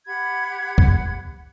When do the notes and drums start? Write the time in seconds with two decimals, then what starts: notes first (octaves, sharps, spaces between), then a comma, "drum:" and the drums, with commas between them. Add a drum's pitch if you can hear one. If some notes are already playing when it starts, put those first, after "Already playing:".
0.06 G4 F#5 B5 G#6
0.78 drum: kick